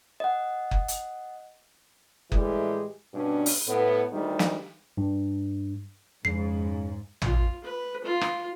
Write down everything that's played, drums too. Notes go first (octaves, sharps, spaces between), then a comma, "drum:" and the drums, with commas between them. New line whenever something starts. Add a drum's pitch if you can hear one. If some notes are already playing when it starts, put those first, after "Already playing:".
D#5 F#5
drum: kick F#1
drum: hi-hat
A2 E3 G3 G#3 G4, drum: kick F#1
G2 B2 C#4 D4
drum: open hi-hat
A2 B3
D2 D#3 G3
drum: snare
G2
F2 G#2 C#3 C7
F4, drum: tom
B4
F4
drum: rim click